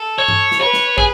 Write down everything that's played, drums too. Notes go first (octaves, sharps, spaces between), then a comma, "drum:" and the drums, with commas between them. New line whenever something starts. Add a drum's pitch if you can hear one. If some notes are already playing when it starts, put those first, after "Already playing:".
Already playing: A4
C#5
drum: tom G2
drum: snare
B4 C#5
drum: snare
G#4, drum: kick